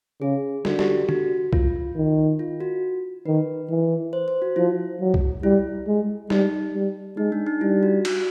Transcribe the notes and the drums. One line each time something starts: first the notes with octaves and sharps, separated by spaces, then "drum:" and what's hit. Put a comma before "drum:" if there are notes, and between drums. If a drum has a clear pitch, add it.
C#3 G#4
D3 F#4, drum: snare
G4, drum: snare
G4
F#4, drum: tom D3
F4, drum: kick C2
D#3
F4
F#4
D#3 B4
E3
C5
C5
F#4
F3 E4
F#3
drum: kick C2
G3 E4
G#3
G3 D#4, drum: snare
G3
G#3 D#4
D4
D#4
G3 E4
F#4
F#4, drum: cymbal